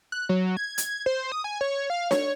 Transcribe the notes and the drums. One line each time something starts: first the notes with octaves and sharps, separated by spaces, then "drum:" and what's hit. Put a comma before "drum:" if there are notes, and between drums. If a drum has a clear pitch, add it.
F#6
F#3
G#6
drum: hi-hat
C5
D#6
G#5
C#5
F5
C#5, drum: snare D4